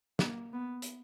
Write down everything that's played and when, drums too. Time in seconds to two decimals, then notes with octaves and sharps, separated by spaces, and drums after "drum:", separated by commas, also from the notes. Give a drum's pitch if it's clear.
0.19 A#3, drum: snare
0.53 B3
0.82 drum: hi-hat